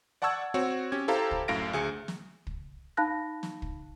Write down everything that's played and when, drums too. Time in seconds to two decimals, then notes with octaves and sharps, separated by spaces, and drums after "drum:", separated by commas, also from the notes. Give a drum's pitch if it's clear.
0.22 D5 F#5 A5 C#6 E6 G#6
0.54 C4 F#4 C#5
0.92 C#4 G4 G#6
1.08 E4 G4 A4 C5 F5 A#5
1.31 drum: kick
1.48 F#2 A2 F5 A#6 D7
1.73 D2 G#4 C#7
2.08 drum: snare
2.47 drum: kick
2.97 D#4 F5 A5 B5 F#6 A#6
3.43 drum: snare
3.62 drum: kick